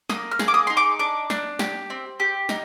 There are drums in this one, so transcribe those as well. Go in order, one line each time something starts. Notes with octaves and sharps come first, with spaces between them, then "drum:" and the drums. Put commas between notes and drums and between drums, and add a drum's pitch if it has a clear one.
A#3 D#6, drum: snare
F6
G#4, drum: snare
D6
D#6
D#4 C6
D6
D4 D6
D4, drum: snare
G4, drum: snare
C4
G4
D#4, drum: snare